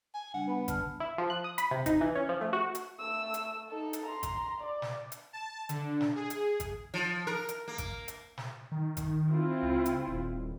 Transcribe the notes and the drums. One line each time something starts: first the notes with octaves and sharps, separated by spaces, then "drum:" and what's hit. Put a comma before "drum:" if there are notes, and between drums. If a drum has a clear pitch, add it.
G#5
C#3 G3 D4 F#5
B3 G#5 B5
D3 A5 F6, drum: kick G#1, hi-hat
E4
F3
F#6
D#6
B5, drum: hi-hat
C3
D#4, drum: kick G#1, hi-hat
E3
C#4
F3
A3
F#4
drum: hi-hat
A3 E6
drum: hi-hat
D#4 A4
drum: hi-hat
A#5 C6
drum: kick G#1, hi-hat
D5
drum: snare
drum: hi-hat
A5
D3, drum: hi-hat
drum: snare
G#4
drum: hi-hat
drum: kick G#1, hi-hat
F3
A#4
drum: hi-hat
A#3
drum: kick G#1, hi-hat
drum: hi-hat
drum: snare
D#3
drum: kick G#1, hi-hat
C4 E4 F4
C#2
drum: hi-hat
D#1